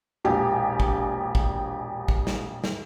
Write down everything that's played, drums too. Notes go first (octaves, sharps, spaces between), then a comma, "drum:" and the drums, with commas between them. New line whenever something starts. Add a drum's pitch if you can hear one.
E1 A#1 G4 G#5
drum: kick
drum: kick
drum: kick
drum: snare
drum: snare